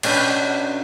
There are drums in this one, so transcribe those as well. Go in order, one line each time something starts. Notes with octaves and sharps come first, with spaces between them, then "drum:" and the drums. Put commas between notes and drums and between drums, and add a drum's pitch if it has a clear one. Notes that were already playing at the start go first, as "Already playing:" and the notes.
B2 C#4 D4 B4, drum: cymbal